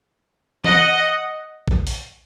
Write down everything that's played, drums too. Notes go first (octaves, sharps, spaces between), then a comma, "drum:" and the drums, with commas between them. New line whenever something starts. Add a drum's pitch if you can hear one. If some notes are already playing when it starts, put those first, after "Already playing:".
D#5 F#5, drum: tom E3
drum: kick
drum: open hi-hat